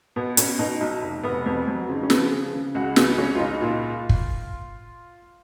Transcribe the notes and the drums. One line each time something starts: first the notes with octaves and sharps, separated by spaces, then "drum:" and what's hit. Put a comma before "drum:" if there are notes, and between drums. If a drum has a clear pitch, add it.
B2 B3
B2 C#4, drum: hi-hat
B2 D#4
B1 D#4
F1
F1 B3
F2 B3
F2 F#3
F#4
C#3 F4
D#4
C#4
F3 B3, drum: snare
C#3 G#4
C#3
C#2 F#4
C#2 B3, drum: snare
C#2 C#4
F4
C#2 D#4
A#2 F4
drum: kick